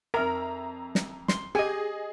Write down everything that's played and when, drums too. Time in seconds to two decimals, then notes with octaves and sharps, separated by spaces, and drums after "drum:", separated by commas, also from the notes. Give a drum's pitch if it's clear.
0.14 F2 A#4 E5 A#5
0.95 drum: snare
1.28 C6, drum: snare
1.55 G4 G#4 D#5 G#5